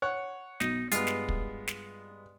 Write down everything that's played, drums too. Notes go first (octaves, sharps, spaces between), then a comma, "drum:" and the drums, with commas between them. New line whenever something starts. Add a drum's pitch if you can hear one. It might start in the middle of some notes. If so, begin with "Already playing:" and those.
C#5 F#5
B1 D#4, drum: snare
G2 G#3 B3 F4, drum: hi-hat
drum: snare
drum: kick
drum: snare